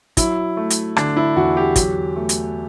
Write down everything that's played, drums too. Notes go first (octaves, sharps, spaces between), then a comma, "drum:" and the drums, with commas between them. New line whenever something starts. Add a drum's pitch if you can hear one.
F#3 E4, drum: kick, hi-hat
A3
drum: hi-hat
D3 D4, drum: rim click
E4
E2 F#4
G4
F#3, drum: kick, hi-hat
A3
drum: hi-hat